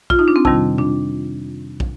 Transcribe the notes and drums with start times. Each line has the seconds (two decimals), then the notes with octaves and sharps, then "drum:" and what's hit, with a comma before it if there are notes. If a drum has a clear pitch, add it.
0.10 F4, drum: kick
0.19 D#4
0.28 D4
0.36 C4
0.45 F2 C3 D#3 G3, drum: kick
0.78 D4, drum: tom B2
1.80 drum: kick